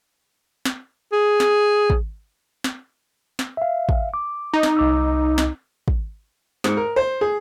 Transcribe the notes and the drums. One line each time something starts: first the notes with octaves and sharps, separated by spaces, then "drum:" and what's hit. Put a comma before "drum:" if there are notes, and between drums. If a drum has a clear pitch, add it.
drum: snare
G#4
drum: snare
drum: kick
drum: snare
drum: snare
E5 F5
drum: kick
D6
D#4
drum: snare
C2 D6 E6
drum: snare
drum: kick
G#2, drum: snare
A#4
C5
G#4